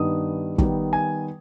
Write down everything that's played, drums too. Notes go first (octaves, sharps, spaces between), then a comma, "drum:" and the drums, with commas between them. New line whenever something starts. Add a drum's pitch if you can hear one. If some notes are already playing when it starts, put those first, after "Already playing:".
Already playing: G2 D#3 B3 D#4 D#6
D#3 G3 B3, drum: kick
G#5